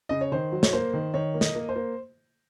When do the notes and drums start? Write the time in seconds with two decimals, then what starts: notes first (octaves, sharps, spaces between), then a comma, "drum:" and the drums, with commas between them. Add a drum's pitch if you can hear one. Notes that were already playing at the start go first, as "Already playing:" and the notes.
0.09 C#3 D#5
0.21 C#5
0.32 D#3 C5
0.52 F#3
0.63 C#5, drum: snare
0.73 A#3 C5
0.93 D#3
1.14 D#3 C#5
1.34 A#3
1.41 D#5, drum: snare
1.55 A#3
1.69 C5
1.75 A#3